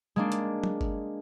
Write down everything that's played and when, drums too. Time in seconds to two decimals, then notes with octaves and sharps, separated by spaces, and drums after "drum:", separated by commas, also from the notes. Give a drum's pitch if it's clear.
0.16 G#3 A#3 D4
0.32 drum: hi-hat
0.64 drum: tom
0.81 drum: kick G1